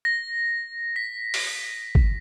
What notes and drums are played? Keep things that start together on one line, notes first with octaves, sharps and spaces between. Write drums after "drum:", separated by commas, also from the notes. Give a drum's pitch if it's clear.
A#6
B6
drum: open hi-hat
drum: kick